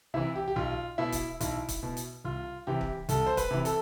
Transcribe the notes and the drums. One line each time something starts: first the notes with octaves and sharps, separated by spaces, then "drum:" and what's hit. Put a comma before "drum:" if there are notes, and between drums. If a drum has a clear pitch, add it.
C3 E3 E4
G4
G4
B1 F4
B2 E4
drum: kick, hi-hat
B1 E4, drum: hi-hat
drum: kick, hi-hat
B2
drum: hi-hat
C2 F4
C3 E3 G4
drum: kick
C2 A4, drum: hi-hat
C5
B4, drum: kick, hi-hat
C3 E3
A4, drum: hi-hat